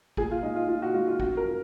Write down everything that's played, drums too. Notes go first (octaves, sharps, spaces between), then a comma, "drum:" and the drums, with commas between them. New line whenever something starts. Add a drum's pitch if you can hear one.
A#2 G#4, drum: kick G#1
F4
G#3 D#4
F4
A#2 F4
F#4
G#3 F4
F4
F#2 F#4, drum: kick G#1
A#4
F3